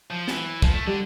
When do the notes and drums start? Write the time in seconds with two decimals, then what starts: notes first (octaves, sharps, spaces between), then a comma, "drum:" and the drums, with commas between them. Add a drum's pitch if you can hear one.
0.10 F3
0.28 E3, drum: snare
0.62 F3, drum: kick
0.73 A3
0.86 D3 G3